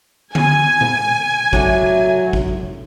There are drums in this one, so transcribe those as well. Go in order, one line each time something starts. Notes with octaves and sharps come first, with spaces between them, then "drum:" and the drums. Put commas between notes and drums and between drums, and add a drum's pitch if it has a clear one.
G#5, drum: tom D3
drum: tom A#2
F#3 A3 D4, drum: kick A1
drum: kick A1